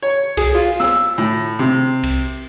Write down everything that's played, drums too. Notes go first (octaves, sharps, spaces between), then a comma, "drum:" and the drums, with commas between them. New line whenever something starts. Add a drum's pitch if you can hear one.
C#5
G#4, drum: kick C2, cymbal
F4
E6, drum: snare
A2
C3
drum: kick C2, cymbal